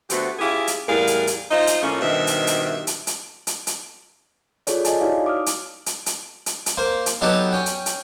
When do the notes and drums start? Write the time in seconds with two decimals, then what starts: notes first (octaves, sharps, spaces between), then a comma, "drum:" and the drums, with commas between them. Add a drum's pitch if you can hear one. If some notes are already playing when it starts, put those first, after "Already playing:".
0.10 D3 A3 B3 C4 F#4 G4, drum: hi-hat
0.39 C#4 E4 F4 G4 G#4
0.67 drum: hi-hat
0.87 E2 A2 G3 G#4 A#4 F5
1.07 drum: hi-hat
1.27 drum: hi-hat
1.50 D#4 F4 C5 D#5
1.67 drum: hi-hat
1.82 A2 F3 A3 A#3 C#4
2.01 G2 B2 D#3 C4 D#4 E5
2.27 drum: hi-hat
2.47 drum: hi-hat
2.87 drum: hi-hat
3.07 drum: hi-hat
3.47 drum: hi-hat
3.67 drum: hi-hat
4.67 F4 G#4 A4 C#5 D5, drum: hi-hat
4.85 D#5 G#5 A5, drum: hi-hat
5.01 D#4 E4 F#4 C#5 D5 F5
5.26 D6 D#6 F6
5.46 drum: hi-hat
5.86 drum: hi-hat
6.06 drum: hi-hat
6.46 drum: hi-hat
6.66 drum: hi-hat
6.77 A#3 C5
7.06 drum: hi-hat
7.21 F#3 B3 D#4 G4 A4
7.53 C#4 G5
7.66 drum: hi-hat
7.86 drum: hi-hat